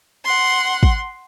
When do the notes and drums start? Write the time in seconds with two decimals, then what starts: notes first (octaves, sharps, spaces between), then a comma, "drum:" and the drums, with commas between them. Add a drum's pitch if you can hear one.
0.25 F#5 C6
0.83 drum: kick